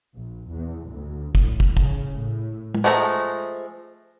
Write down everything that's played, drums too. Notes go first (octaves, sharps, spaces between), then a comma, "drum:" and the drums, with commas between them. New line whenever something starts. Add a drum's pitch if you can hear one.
A#1
E2
D2
A2, drum: kick
drum: kick
C#3, drum: kick
A2
drum: tom
F3 G#3 A3 F4 A#5